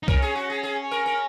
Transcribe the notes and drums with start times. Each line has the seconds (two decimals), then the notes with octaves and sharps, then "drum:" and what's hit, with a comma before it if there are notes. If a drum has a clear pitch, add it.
0.03 D#4
0.08 C#4 A#4, drum: kick
0.22 G#4
0.36 F#4
0.50 G#4
0.63 G#4
0.91 A#4
1.06 A#4